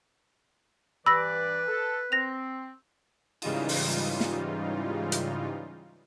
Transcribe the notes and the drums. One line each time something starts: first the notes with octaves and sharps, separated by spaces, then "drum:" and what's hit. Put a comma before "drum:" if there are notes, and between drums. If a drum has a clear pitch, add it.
G2 E3 B4 D5 B5 E6 A#6
A4
C4 A#6 F7
G#2 C#3 E3 G3 D#4 F4, drum: cymbal
drum: open hi-hat
drum: snare
drum: hi-hat